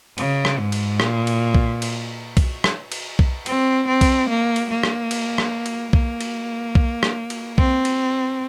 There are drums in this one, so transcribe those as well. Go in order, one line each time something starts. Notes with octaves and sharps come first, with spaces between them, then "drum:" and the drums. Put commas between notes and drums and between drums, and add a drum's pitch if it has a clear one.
C#3, drum: cymbal
drum: rim click
G#2
drum: cymbal
A#2, drum: rim click
drum: cymbal
drum: kick B1
drum: cymbal
drum: kick B1, cymbal
drum: rim click
drum: cymbal
drum: kick B1
C4, drum: cymbal
C4
drum: kick B1, cymbal
A#3
drum: cymbal
A#3
drum: rim click
drum: cymbal
drum: rim click
drum: cymbal
A#3, drum: kick B1
drum: cymbal
drum: kick B1
drum: rim click
drum: cymbal
C4, drum: kick B1
drum: cymbal